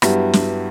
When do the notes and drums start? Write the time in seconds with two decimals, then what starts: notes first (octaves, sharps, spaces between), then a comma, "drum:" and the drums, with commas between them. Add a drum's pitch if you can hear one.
0.02 G2 F#3 B3 E4 G4, drum: rim click
0.33 drum: snare